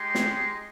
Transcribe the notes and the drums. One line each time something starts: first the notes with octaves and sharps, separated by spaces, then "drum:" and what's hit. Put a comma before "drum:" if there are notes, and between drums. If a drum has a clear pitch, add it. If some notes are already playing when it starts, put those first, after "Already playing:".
Already playing: G#3 D#4 G4 C6
drum: snare